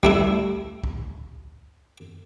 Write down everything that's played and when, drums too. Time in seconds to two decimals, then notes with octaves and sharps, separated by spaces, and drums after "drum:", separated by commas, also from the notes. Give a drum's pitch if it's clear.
0.03 G3 A3 E4, drum: kick
0.84 drum: kick